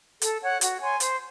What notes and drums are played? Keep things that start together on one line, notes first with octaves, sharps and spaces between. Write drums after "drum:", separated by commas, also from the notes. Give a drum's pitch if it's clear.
A4, drum: hi-hat
C#5 F#5
F#4, drum: hi-hat
C#5 G#5 C6
C5, drum: hi-hat